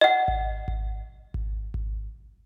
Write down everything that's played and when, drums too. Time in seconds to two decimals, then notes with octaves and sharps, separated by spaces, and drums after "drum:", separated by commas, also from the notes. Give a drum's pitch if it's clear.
0.01 D#5 F#5
0.28 drum: kick G#1
0.68 drum: kick G#1
1.34 drum: kick G#1
1.74 drum: kick G#1